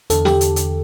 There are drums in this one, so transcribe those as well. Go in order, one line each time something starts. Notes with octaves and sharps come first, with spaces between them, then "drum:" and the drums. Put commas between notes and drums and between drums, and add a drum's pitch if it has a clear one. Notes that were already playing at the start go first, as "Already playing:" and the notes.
E2 D3 A4, drum: hi-hat
G4, drum: snare
drum: hi-hat
drum: hi-hat